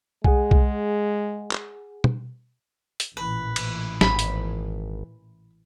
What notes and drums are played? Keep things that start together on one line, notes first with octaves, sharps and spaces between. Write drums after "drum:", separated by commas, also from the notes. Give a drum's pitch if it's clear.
G#3 G#4 F#5 G#5, drum: kick B1
drum: kick B1
drum: clap
drum: tom
drum: hi-hat
A1 A#2 E3 B4
drum: cymbal
G#1 B5, drum: snare
drum: hi-hat